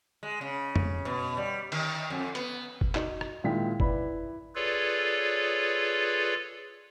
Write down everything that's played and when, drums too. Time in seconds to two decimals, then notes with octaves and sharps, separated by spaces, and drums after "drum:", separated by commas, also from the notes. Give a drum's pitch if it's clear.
0.23 G#3
0.41 C#3
0.76 drum: tom F2
1.05 B2
1.37 G3
1.72 D#3, drum: cymbal
2.10 F2
2.35 B3, drum: hi-hat
2.81 drum: kick F#1
2.95 D#4 F#4, drum: clap
3.21 drum: rim click
3.44 A#2 D#3 G#3 E4 G5 B6
3.80 E4 B4 D5 B5, drum: kick F#1
4.55 F4 G#4 A4 B4 C#5 D5